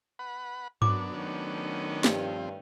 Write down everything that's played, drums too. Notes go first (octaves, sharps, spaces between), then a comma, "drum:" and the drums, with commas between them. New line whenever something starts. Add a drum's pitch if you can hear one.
B4 F#5 B5
F#2 F#3 B3 D4 D6, drum: tom G2
D#3 A3 C#4
G2 F3 C4, drum: snare